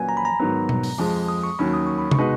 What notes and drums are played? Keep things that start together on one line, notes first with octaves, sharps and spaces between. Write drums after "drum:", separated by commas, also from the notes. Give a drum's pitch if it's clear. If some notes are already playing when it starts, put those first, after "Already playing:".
Already playing: A#2 F#3 C#4 F#4 B4 G#5
A#5
B5
A#5
G#2 D#3 F#3 B3
drum: tom B2
drum: open hi-hat
F2 F3 G#3
D#6
C#6
D#2 D#3 F#3 C#4 B5
D#6
C#6
B5
C#6, drum: tom C3
B2 G#3 D#4 F#4 B4